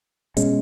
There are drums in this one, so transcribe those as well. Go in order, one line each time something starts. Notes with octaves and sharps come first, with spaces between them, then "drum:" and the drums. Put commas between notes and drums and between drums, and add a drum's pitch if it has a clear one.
B2 G#3 C#4, drum: hi-hat